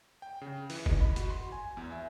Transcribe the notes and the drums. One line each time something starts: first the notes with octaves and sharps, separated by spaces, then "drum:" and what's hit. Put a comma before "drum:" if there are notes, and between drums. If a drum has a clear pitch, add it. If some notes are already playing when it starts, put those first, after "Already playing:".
G5
C#3
E3, drum: open hi-hat
D#5, drum: kick
B5
F#4, drum: hi-hat
C6
G#5
E2
E5